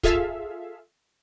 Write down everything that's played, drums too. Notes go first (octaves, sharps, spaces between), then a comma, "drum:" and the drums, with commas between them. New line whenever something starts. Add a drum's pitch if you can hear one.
F4 G#4 A4 E5 F5, drum: kick